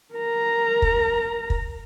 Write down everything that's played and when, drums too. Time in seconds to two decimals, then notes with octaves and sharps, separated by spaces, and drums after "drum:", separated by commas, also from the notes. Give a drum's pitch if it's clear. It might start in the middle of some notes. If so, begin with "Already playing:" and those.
0.14 A#4 A#5
0.82 drum: kick
1.50 drum: kick